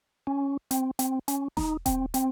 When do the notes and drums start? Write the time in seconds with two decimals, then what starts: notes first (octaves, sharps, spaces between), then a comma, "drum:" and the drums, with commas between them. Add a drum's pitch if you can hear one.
0.27 C#4
0.71 C4, drum: hi-hat
0.99 C4, drum: hi-hat
1.28 C#4, drum: hi-hat
1.57 D#4, drum: snare E1
1.86 C4, drum: kick D#1, hi-hat
2.14 C4, drum: hi-hat